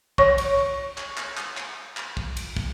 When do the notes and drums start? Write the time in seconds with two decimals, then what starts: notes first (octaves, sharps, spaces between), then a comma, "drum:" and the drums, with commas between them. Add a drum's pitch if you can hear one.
0.18 C#5 C#6, drum: kick
0.38 drum: cymbal
0.98 drum: clap
1.18 drum: clap
1.37 drum: clap
1.57 drum: clap
1.97 drum: clap
2.17 drum: kick
2.37 drum: cymbal
2.57 drum: kick